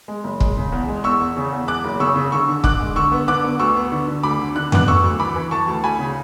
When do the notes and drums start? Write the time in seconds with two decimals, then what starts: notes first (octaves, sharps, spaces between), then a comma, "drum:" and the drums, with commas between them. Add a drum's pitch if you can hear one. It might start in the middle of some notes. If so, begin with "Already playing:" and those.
0.08 G#3
0.24 F#1
0.40 G#3, drum: kick
0.57 C#3
0.72 E2
0.89 G#3
1.04 E2 C#6 E6
1.20 E2
1.37 C#3
1.52 E2
1.68 E2 D6 F#6
1.84 F#1
2.00 C#3 C#6 E6
2.16 C#3
2.32 D3 C#6 E6
2.48 D3
2.64 D3 D6 F#6, drum: kick
2.80 G#3
2.96 D3 C#6 E6
3.12 B3
3.28 D3 D6 F#6
3.44 B3
3.59 D2 C#6 E6
3.76 B3
3.92 D3
4.08 D3
4.23 D2 B5 D6
4.39 D3
4.56 D3 F#6
4.72 B3 D6 F#6, drum: tom F2
4.88 D2 C#6 E6
5.03 D2
5.20 E3 B5 D6
5.36 E3
5.51 E3 A5 C#6
5.68 D2
5.84 D2 G#5 B5
5.99 C#3